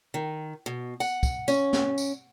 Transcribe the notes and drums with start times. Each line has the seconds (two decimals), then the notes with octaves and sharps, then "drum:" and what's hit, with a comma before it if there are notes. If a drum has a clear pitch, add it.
0.14 D#3
0.66 B2
1.00 F#5, drum: tambourine
1.23 drum: kick, tambourine
1.48 C#4, drum: tambourine
1.73 drum: snare
1.98 drum: tambourine